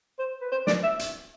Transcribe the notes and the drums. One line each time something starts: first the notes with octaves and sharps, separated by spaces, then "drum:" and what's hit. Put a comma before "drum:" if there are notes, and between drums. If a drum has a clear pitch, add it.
C5
B4
C5
D5, drum: snare
E5
drum: hi-hat